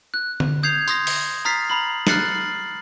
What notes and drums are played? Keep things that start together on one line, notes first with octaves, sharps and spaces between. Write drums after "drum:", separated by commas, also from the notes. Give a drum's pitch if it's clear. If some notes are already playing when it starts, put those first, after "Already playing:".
F#6
drum: tom D3
D#6 G6 G#6 C7 F7
C6 D#6 A#6, drum: tambourine
drum: open hi-hat
A#5 D#6 F6 A6 B6 C7
A#5 B5 F#7
F6 F#6 A6 C7 C#7 F#7, drum: snare